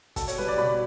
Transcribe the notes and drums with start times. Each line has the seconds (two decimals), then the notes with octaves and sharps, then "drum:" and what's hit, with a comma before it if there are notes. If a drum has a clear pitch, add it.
0.16 B2 A4, drum: kick, hi-hat
0.28 C#5, drum: hi-hat
0.38 G3 B4
0.48 D5
0.58 B2 B5